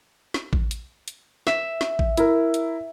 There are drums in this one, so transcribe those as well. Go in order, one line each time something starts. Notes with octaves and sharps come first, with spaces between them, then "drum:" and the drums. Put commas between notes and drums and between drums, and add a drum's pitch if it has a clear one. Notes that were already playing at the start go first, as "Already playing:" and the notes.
drum: snare
drum: kick A1
drum: hi-hat
drum: hi-hat
E5, drum: snare
drum: snare
drum: kick A1
E4 A#4, drum: hi-hat
drum: hi-hat